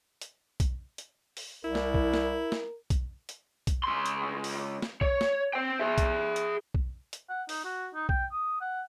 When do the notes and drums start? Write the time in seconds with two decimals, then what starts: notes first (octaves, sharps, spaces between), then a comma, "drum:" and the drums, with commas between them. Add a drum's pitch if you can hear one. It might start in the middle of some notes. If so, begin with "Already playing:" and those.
0.21 drum: hi-hat
0.60 drum: kick B1, hi-hat
0.98 drum: hi-hat
1.37 drum: open hi-hat
1.65 C2 E4 A#4
1.75 drum: snare
1.94 drum: kick B1
2.14 drum: snare
2.52 drum: snare
2.90 drum: kick B1, hi-hat
3.29 drum: hi-hat
3.67 drum: kick B1, hi-hat
3.84 C#2 C6
4.06 drum: hi-hat
4.44 drum: open hi-hat
4.82 drum: snare
5.01 C#5, drum: kick B1
5.21 drum: snare
5.53 C5 G5
5.80 G#4 E5
5.98 drum: kick B1, hi-hat
6.36 drum: hi-hat
6.74 drum: kick B1
7.13 drum: hi-hat
7.29 F#5
7.49 D#4, drum: open hi-hat
7.64 F#4
7.95 D#4
8.09 G5, drum: kick B1
8.32 D#6
8.61 F#5